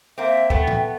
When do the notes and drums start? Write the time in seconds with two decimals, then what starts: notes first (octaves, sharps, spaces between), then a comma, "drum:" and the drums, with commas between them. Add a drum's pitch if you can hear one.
0.18 A#3 C4 E5
0.50 A3 B3 G5, drum: kick
0.67 drum: tom A2